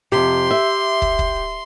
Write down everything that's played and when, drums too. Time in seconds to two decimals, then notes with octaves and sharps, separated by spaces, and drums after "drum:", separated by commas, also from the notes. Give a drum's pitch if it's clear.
0.12 F2 C3 G4 C6
0.51 E5
1.02 drum: kick
1.19 drum: kick